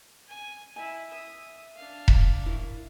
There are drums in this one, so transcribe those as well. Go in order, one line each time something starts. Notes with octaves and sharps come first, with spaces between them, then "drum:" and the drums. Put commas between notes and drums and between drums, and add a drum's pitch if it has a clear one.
G#5
E4 G#5
E5 D#6
D4 F5
drum: kick E1
E4 A#4